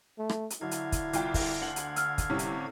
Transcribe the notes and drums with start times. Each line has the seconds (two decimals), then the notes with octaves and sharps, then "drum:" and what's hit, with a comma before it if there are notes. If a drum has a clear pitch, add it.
0.18 A3
0.29 drum: rim click
0.50 drum: hi-hat
0.61 D3 F#3 E4 F5 G#6
0.71 drum: hi-hat
0.92 drum: kick, hi-hat
1.13 C2 F4 G5, drum: hi-hat
1.34 drum: kick, open hi-hat
1.61 D2 F#5 F#7
1.76 drum: hi-hat
1.96 E6 F6, drum: hi-hat
2.18 drum: kick, hi-hat
2.30 A2 C3 G3 C#4
2.39 drum: hi-hat